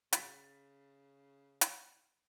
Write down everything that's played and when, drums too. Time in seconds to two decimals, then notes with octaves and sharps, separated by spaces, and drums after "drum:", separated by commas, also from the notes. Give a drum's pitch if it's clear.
0.13 C#3 A6 B6, drum: hi-hat
1.61 drum: hi-hat